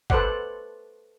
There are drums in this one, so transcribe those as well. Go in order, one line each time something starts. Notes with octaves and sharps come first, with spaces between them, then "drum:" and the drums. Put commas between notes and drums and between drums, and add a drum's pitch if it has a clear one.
A4 B4 C5 D5 F#5, drum: kick G1